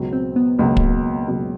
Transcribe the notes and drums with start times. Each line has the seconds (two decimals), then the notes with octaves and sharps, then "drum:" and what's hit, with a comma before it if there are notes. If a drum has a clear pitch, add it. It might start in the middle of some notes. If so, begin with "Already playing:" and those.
Already playing: C#2 B2 F#3
0.13 C4
0.36 B3
0.59 C#2 B2 F#3 A#3
0.77 drum: kick
1.28 C#2 B2 F#3